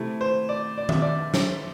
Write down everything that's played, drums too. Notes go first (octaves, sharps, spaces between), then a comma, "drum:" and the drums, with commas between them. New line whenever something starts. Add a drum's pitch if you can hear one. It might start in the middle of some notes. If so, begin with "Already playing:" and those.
Already playing: C3 A3 E4
C5
D5
D5
E5, drum: tom D#3
D5
drum: snare